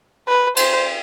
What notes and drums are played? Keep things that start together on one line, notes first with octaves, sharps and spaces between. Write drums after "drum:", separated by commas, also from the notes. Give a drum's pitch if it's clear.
B4
C5, drum: cymbal